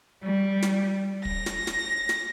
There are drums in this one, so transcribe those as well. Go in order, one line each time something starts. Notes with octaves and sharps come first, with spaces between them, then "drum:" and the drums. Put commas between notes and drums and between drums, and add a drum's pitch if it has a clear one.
G3
drum: snare
A#6, drum: kick
drum: snare
drum: snare
drum: snare